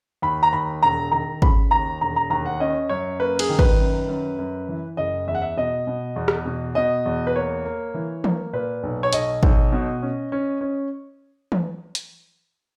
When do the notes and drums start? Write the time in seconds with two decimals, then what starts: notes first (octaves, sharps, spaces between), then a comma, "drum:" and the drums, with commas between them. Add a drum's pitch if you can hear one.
0.22 D#2 B5
0.43 A#5
0.53 D#2 B5
0.82 E1 A#5
1.12 D#3 A#5
1.42 C#3 B5, drum: kick
1.71 D#2 A#5
2.01 E1 A#5
2.16 A#5
2.30 D#2 A#5
2.46 F#5
2.60 C#4 D#5
2.89 F#2 C#5
3.20 A#3 B4
3.39 G#4, drum: cymbal
3.49 D#3
3.59 B4, drum: kick
3.79 F#2
4.08 F#2
4.39 F#2
4.69 E3
4.97 F#1 D#5
5.27 E2 E5
5.35 F#5
5.42 E5
5.57 B2 D#5
5.87 B2
6.16 E2
6.28 drum: rim click
6.46 B2
6.75 B2 D#5
7.06 E2
7.27 B4
7.35 A#3 C#5
7.65 A#3
7.94 E3
8.24 A#3, drum: tom E3
8.53 A#2 B4
8.83 B1
9.03 C#5
9.13 B1 D#5, drum: hi-hat
9.43 B1, drum: kick
9.72 B2
10.02 C#4
10.32 C#4
10.61 C#4
11.52 drum: tom E3
11.95 drum: hi-hat